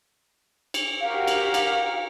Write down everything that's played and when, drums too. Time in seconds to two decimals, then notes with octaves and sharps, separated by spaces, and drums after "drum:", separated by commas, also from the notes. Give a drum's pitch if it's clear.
0.74 drum: cymbal
1.01 F#4 G4 A#4 F5
1.27 drum: cymbal
1.54 drum: cymbal